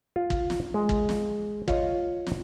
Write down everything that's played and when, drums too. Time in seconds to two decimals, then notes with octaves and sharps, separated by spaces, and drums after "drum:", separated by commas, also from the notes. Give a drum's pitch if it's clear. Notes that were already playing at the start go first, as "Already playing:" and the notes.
0.16 F4
0.30 drum: kick
0.50 drum: snare
0.74 G#3
0.89 drum: kick
1.09 drum: snare
1.68 F4 C#5 D#5, drum: kick
2.27 drum: snare